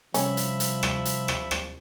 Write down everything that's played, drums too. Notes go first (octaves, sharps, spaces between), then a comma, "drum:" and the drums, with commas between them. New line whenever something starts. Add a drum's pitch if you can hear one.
C2 F3 C#4 E5 B5, drum: hi-hat
drum: hi-hat
drum: hi-hat
drum: rim click
drum: hi-hat
drum: rim click
drum: rim click